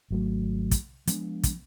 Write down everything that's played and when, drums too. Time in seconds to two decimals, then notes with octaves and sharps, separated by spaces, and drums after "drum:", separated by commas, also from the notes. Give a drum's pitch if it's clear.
0.11 G#1 F#3 A3
0.71 drum: kick, hi-hat
1.07 F3 G#3 B3 D4, drum: hi-hat
1.43 drum: kick, hi-hat